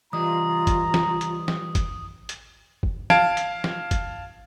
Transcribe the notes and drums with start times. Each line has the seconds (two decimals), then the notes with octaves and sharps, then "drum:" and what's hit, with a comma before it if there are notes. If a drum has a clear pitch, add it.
0.13 E3 G3 F4 D#5 A#5 D#6
0.67 drum: kick, hi-hat
0.94 drum: snare
1.21 drum: hi-hat
1.48 drum: snare
1.75 drum: kick, hi-hat
2.29 drum: hi-hat
2.83 drum: kick
3.10 F5 A5 G#6 D7, drum: snare
3.37 drum: hi-hat
3.64 drum: snare
3.91 drum: kick, hi-hat